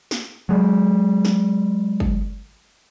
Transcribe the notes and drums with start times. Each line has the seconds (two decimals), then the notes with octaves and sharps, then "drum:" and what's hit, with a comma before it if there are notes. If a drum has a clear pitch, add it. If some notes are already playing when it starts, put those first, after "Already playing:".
0.11 drum: snare
0.49 F#3 G#3
1.25 drum: snare
2.00 drum: kick G1